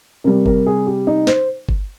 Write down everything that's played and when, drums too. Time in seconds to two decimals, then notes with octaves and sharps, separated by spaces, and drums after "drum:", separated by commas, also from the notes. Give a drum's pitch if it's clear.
0.24 C3 G3 A#4
0.46 A#4, drum: kick G1
0.67 G#4
0.87 G4
1.07 D#4
1.27 C5, drum: snare
1.69 drum: kick G1